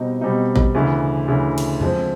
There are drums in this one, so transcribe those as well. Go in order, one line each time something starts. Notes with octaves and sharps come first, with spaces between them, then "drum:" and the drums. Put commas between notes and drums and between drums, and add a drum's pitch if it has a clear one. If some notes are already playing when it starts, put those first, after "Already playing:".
Already playing: B2 G3 C4 D#4
B2 G3 C4 D#4
drum: kick A1
D2 C#3 E3
D2 C#3 E3
drum: cymbal
F3 G#3 C4, drum: tom E2